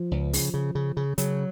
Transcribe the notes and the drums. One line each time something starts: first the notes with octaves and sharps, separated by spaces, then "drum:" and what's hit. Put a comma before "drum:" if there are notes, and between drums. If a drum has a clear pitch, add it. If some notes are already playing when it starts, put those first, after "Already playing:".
Already playing: F3
C#2
C#3, drum: open hi-hat
C#3
C#3
C#3
C#3 F#3, drum: hi-hat